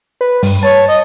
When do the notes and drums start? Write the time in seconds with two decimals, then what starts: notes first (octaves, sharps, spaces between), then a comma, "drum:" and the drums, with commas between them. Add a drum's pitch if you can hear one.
0.21 B4
0.43 G2, drum: open hi-hat
0.63 C#5 A5
0.88 D#5